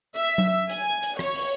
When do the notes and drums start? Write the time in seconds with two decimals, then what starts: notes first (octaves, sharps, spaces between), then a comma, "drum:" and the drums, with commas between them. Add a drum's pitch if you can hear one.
0.17 E5
0.38 drum: tom F#3
0.70 G#5, drum: hi-hat
1.03 drum: hi-hat
1.19 C#5, drum: rim click
1.35 drum: open hi-hat